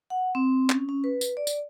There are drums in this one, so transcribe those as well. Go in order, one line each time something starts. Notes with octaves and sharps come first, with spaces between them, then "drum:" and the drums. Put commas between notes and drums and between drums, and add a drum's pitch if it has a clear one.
F#5
C4
C#4, drum: clap
C#4
B4
drum: tambourine
D5
drum: tambourine